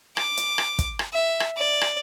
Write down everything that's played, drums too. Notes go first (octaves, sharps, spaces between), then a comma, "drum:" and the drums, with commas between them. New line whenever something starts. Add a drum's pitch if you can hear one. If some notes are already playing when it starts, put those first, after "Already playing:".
D6, drum: rim click
drum: hi-hat
drum: rim click
drum: kick, hi-hat
drum: rim click
E5
drum: rim click
D5
drum: rim click